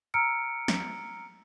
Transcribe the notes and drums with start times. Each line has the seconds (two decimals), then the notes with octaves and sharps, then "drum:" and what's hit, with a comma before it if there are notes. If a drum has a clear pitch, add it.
0.14 A#5 E6 F6 C#7 D7
0.68 drum: snare